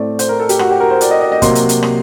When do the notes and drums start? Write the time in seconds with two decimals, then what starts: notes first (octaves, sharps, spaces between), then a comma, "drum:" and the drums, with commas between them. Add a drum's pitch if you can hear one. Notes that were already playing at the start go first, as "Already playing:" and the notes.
Already playing: A2 A3 C4 D5
0.19 C5, drum: hi-hat
0.29 A#4
0.40 A4
0.49 G4, drum: hi-hat
0.59 F#4, drum: rim click
0.70 G4
0.80 A#4
0.90 C5
1.01 D5, drum: hi-hat
1.11 D#5
1.21 D#5
1.32 D#5
1.42 C3 F#3 A#3 C6, drum: kick, hi-hat
1.55 drum: hi-hat
1.69 drum: hi-hat
1.83 drum: rim click